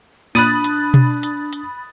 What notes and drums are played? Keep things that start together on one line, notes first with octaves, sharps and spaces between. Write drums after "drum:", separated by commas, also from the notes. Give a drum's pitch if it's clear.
A#2 D4 B5 D#6 F#6 A6 D#7, drum: hi-hat
drum: hi-hat
drum: tom B2
drum: hi-hat
drum: hi-hat